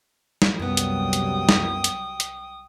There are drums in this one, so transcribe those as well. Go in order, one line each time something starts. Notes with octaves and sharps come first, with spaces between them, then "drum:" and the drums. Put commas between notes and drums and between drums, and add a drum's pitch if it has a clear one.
drum: snare
C2 F#2 F#3 G3 B3 G5 D#6
drum: hi-hat
drum: hi-hat
drum: snare
drum: hi-hat
drum: hi-hat